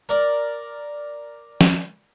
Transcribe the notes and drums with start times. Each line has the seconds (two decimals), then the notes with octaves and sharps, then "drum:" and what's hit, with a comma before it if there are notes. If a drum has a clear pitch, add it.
0.09 A#4 D5
1.61 drum: snare